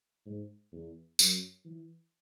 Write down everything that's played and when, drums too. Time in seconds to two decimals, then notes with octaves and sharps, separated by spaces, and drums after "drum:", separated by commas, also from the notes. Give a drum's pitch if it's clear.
0.26 G#2
0.72 E2
1.19 F#2, drum: tambourine
1.65 E3